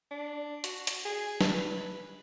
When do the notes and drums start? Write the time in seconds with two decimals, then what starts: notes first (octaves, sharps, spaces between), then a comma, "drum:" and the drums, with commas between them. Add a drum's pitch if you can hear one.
0.11 D4
0.64 F#4, drum: hi-hat
0.87 drum: hi-hat
1.05 G#4
1.41 B4, drum: snare